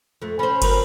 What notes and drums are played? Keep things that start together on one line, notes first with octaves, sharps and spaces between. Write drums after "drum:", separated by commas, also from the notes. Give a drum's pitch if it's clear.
F2 A3
C#4 C5 B5
F#3 C4 A#4, drum: kick F#1, cymbal